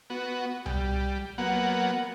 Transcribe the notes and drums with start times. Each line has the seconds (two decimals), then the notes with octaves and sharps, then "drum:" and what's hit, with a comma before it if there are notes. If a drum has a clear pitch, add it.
0.10 B3 F#4
0.66 G3, drum: tom C2
1.38 F#3 A#3 B3 F#5